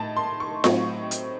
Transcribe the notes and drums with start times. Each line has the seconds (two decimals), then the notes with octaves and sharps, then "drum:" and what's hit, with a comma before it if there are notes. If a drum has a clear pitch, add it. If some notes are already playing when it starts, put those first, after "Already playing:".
Already playing: A2 D#4 A5
0.17 C6
0.40 C#6
0.64 A2 F#3 C4 D#4 C#6, drum: snare F4
1.11 drum: hi-hat